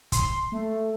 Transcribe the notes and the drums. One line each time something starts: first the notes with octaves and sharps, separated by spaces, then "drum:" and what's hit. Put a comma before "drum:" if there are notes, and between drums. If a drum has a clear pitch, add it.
C6, drum: kick, hi-hat
A3